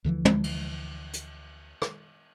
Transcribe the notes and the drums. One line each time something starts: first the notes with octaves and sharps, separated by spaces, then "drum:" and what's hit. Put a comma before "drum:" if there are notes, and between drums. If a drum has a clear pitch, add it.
D2 D3 E3 F3
drum: tom
drum: cymbal
drum: hi-hat
drum: rim click